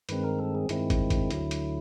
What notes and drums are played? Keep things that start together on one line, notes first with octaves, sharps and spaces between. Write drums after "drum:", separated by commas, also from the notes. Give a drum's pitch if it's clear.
G2 D#3 G#3 C4 B4, drum: hi-hat
A#4
A4
G#4
G2 D#3 G#3 C4 E4, drum: hi-hat
drum: kick, hi-hat
drum: kick, hi-hat
D2 D3 F#3, drum: hi-hat
drum: hi-hat